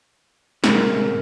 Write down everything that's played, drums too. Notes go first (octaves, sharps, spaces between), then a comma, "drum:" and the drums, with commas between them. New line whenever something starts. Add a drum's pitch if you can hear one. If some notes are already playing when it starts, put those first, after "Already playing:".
G2 C3 G#3 A#4, drum: snare